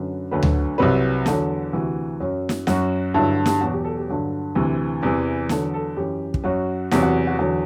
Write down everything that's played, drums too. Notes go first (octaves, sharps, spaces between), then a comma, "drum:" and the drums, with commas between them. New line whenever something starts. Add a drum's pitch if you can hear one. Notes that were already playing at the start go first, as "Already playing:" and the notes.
Already playing: F#2 D3 F#3 B4
D2 D3 F#3 B4
drum: tom D2
C2 C3 F#3 B4
E2 D3 F#3 A4, drum: snare
D2 C3 E3 F#4
F#2 F#3
drum: snare
F#2 F#3 F#4, drum: snare
G2 D3 F#3 E4
G4, drum: snare
E2 B2 F#3 F#4
G4
A4
G4
G2 D3 F#3
D2 C3 E3
E2 C3 E3
E2 D3 F#3 A4, drum: snare
A4
F#2 E3 G4
drum: kick
F#2 F#3 F#4
E2 C3 F#3 F#4, drum: snare
F#4
F#4
E2 D3 F#3 F#4